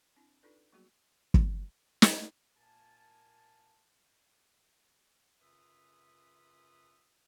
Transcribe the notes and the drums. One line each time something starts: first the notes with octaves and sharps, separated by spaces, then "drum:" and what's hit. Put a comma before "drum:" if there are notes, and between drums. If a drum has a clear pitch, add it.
C4 D4 E4
D4 D#4 F4 A4 B4 D5
F#3 G3 A#3 B3 F#4 G#4
drum: kick
drum: snare
A#2 A#3 G#5 A5
F#2 C#3 F4 B4 E5 D#6